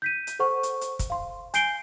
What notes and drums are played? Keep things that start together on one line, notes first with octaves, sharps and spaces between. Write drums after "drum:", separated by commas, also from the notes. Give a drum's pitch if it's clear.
G6 B6 D#7
drum: hi-hat
A4 C5 F#5 C#6
drum: hi-hat
drum: hi-hat
drum: kick, hi-hat
F5 C6
G#5 G6 C7 D7 G7, drum: hi-hat